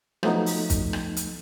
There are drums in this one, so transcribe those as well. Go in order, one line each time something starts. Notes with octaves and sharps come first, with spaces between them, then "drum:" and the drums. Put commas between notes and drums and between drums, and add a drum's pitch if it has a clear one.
F3 F#3 A3 B3 D#4, drum: rim click
drum: open hi-hat
drum: kick, hi-hat
drum: rim click
drum: hi-hat